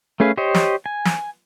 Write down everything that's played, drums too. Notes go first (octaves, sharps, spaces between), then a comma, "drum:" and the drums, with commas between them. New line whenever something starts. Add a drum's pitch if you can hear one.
A3 C#4 G#4 B4 F5
G4 C5 C#5 D#5
drum: snare
G#5
drum: snare